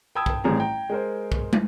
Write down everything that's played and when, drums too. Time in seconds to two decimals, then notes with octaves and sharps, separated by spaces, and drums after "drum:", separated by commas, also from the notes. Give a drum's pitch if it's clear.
0.15 G5 A5 B5 D#6 E6 G#6
0.26 drum: kick B1
0.44 A1 G3 C4 G#4 A#5
0.59 G5 A#5
0.89 G#3 A#4 C5
1.32 drum: kick B1
1.53 drum: tom